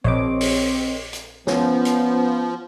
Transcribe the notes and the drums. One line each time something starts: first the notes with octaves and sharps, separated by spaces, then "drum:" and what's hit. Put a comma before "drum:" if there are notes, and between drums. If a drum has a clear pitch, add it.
A#1 C4 C#5 D#5 D6
drum: open hi-hat
drum: hi-hat
F3 B3 C#4, drum: snare
drum: hi-hat